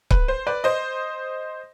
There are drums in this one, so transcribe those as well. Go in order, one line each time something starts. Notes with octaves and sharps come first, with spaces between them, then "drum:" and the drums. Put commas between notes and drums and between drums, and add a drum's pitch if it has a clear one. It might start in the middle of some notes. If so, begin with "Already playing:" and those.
B4, drum: kick C#1
C5
B4 D5
C5 D#5